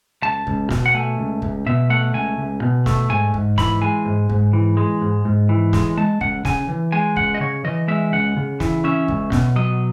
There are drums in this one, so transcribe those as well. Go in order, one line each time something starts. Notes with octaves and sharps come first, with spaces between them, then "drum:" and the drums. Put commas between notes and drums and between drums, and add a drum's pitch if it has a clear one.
C#2 A5
C#2, drum: kick
B2, drum: snare
F#5
A3 G#5
C#2
C#2, drum: kick
B2 E5
A3 F#5
C#2 G#5
C#2
B2
A3, drum: snare
G#2 G#5
G#2, drum: kick
E3 B5, drum: snare
G#3 G#5
G#2
G#2, drum: kick
E3
G#3
G#2
G#2
E3
G#3, drum: snare
G#3 A5
C#2 F#5, drum: kick
C#3 G#5, drum: snare
E3
G#3 G#5
C#2 F#5, drum: kick
D#5
C#3 C#5
E3 D#5
G#3 E5
C#2 F#5
C#3
E3, drum: snare
C#4 E5
C#2, drum: kick
B2, drum: snare
F#3 D#5